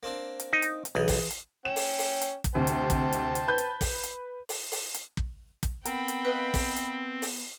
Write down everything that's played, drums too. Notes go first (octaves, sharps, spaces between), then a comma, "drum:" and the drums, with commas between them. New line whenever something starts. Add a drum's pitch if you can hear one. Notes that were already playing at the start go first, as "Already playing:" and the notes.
A#3 C4 D4
drum: hi-hat
D#4
drum: hi-hat
drum: hi-hat
B1 E3 G#4
drum: kick, open hi-hat
drum: hi-hat
C#4 G5 E7
drum: open hi-hat
drum: open hi-hat
drum: hi-hat
drum: kick, hi-hat
D2 C3 C5 G5 A5
drum: hi-hat
drum: kick, hi-hat
drum: hi-hat
drum: hi-hat
B4 B5 G6
drum: hi-hat
drum: kick, open hi-hat
drum: hi-hat
drum: open hi-hat
drum: open hi-hat
drum: hi-hat
drum: kick
drum: kick, hi-hat
B3 C4 A#4 G5 B5, drum: hi-hat
drum: hi-hat
B4 D#5 F5
drum: kick, open hi-hat
drum: hi-hat
drum: open hi-hat